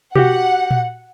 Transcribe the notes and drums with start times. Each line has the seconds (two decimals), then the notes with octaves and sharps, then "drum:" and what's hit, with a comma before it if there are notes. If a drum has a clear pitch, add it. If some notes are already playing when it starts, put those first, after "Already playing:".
0.15 F#4 G4 F#5, drum: tom B2
0.71 drum: tom A#2